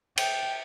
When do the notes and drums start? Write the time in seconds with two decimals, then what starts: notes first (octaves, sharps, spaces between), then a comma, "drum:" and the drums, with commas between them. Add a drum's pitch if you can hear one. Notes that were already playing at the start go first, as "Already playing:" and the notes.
0.17 G5, drum: cymbal